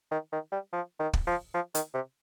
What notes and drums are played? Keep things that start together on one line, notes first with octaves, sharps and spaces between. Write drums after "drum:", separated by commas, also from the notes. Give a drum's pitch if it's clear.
D#3
D#3
G3
F3
D#3
drum: kick
F3
F3
D#3, drum: hi-hat
C3